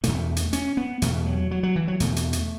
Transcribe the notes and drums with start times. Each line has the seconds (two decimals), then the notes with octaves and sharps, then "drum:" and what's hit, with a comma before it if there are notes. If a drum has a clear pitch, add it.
0.04 E2 B2 A3, drum: hi-hat
0.37 drum: hi-hat
0.53 C#4, drum: hi-hat
0.77 B3
1.02 E2 B2 A3, drum: hi-hat
1.26 F#3
1.51 F#3
1.63 F#3
1.76 E3
1.88 F#3
2.00 E2 B2 A3, drum: hi-hat
2.16 drum: hi-hat
2.33 drum: hi-hat